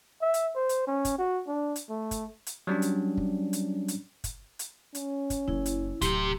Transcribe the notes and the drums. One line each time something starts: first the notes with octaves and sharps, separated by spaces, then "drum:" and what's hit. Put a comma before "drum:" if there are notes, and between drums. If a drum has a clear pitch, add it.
E5
drum: hi-hat
C5
drum: hi-hat
C#4
drum: kick, hi-hat
F#4
D4
drum: hi-hat
A3
drum: kick, hi-hat
drum: hi-hat
F#3 G3 C#4 D4
drum: hi-hat
drum: kick
drum: hi-hat
drum: hi-hat
drum: kick, hi-hat
drum: hi-hat
C#4, drum: hi-hat
drum: kick, hi-hat
F#1 E4
drum: hi-hat
D1 C3 G4, drum: hi-hat